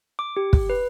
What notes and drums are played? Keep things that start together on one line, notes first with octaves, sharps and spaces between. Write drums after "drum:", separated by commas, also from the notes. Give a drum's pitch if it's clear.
D6
G4
drum: kick
B4